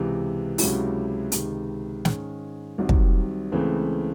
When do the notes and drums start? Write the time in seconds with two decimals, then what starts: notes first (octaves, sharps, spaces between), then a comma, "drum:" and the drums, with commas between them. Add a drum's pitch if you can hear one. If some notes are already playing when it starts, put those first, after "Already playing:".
Already playing: C#2 C3 E3
0.58 C#2 C3 F#3 C#4 E4, drum: open hi-hat
1.32 C#2 C3 D#3, drum: hi-hat
2.05 G#2 D#3 G#3 C#4, drum: snare
2.78 C2 C3 D#3 F#3 C4
2.89 drum: kick
3.52 C#2 C#3 E3 A3 C4